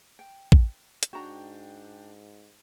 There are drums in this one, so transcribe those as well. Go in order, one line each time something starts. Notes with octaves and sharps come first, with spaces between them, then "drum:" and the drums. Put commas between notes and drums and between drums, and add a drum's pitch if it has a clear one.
G5
drum: kick A1
drum: hi-hat
G#2 D4 F#4 G5 A#5